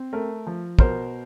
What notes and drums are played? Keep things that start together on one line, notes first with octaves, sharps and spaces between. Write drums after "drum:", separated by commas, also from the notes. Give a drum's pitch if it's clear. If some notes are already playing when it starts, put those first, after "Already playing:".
Already playing: C4
A3 A#4
F3
B2 A#4 C5, drum: kick